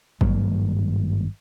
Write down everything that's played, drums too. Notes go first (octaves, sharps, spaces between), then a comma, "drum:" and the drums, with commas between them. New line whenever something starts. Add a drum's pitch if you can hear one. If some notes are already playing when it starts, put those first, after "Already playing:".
G#1 G2 F#3 A#3, drum: kick G#1